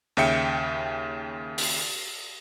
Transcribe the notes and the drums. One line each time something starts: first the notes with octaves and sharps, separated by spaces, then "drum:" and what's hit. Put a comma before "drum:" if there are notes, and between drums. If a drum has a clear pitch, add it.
D#2 C#3 E5 G5 C#7 D7
drum: open hi-hat